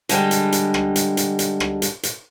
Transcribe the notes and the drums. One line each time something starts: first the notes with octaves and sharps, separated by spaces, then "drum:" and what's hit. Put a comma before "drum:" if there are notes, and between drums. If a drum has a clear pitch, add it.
D3 G3 G#3, drum: hi-hat
drum: hi-hat
drum: hi-hat
drum: rim click
drum: hi-hat
drum: hi-hat
drum: hi-hat
drum: rim click
drum: hi-hat
drum: hi-hat